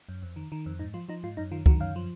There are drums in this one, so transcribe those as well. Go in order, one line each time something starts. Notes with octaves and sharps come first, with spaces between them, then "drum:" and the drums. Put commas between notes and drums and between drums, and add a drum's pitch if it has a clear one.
F#2
F2
D#3
D#3
F2
G#2 D#4
F3 F4
F3 D#4
G#2 F4
F#2 D#4
D#3 F4
D#3 F#4, drum: kick
F#2 F5
F3